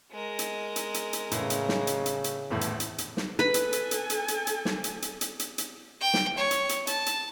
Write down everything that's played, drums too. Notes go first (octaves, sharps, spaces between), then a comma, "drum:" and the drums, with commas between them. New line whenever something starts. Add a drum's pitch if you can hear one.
G#3 A#4
drum: hi-hat
drum: hi-hat
drum: hi-hat
drum: hi-hat
A2 C#3 E3, drum: hi-hat
drum: hi-hat
drum: snare
drum: hi-hat
drum: hi-hat
drum: hi-hat
D#1 E2 A2
drum: hi-hat
drum: hi-hat
drum: hi-hat
drum: snare
A4 B4 G#5 B5
drum: hi-hat
drum: hi-hat
drum: hi-hat
drum: hi-hat
drum: hi-hat
drum: hi-hat
drum: snare
drum: hi-hat
drum: hi-hat
drum: hi-hat
drum: hi-hat
drum: hi-hat
G5
drum: snare
C#5
drum: hi-hat
drum: hi-hat
A5, drum: hi-hat
drum: hi-hat